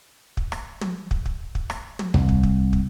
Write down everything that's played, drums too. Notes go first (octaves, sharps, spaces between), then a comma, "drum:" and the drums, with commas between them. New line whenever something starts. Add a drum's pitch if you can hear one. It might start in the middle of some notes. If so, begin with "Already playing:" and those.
drum: kick
drum: rim click
drum: tom
drum: kick
drum: kick
drum: kick
drum: rim click
drum: tom
C2, drum: tom D#2
drum: kick
drum: kick
drum: kick